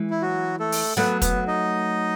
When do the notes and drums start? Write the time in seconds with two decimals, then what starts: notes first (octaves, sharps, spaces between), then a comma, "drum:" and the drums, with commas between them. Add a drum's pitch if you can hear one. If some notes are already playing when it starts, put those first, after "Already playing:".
Already playing: E3 G#3
0.10 E4
0.22 F#3 F#4
0.60 A3 A4
0.72 drum: open hi-hat
0.97 F#3 A3 B3 B4
1.22 B3 B4, drum: kick, hi-hat
1.47 D#4 D#5